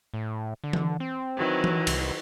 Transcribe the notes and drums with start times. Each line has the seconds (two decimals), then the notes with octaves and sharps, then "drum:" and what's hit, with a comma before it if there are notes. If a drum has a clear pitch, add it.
0.14 A2
0.64 D3
0.73 drum: tom E3
1.00 C4
1.36 D#3 E3 F#3
1.64 drum: tom E3
1.87 C2, drum: cymbal